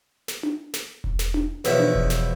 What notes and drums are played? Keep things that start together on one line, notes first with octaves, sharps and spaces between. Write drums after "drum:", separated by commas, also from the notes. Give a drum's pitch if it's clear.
drum: snare
drum: tom D4
drum: snare
drum: kick E1
drum: snare
drum: tom D4
E2 B2 F3 B4 C#5 E5, drum: snare
drum: tom D4
drum: kick E1
drum: snare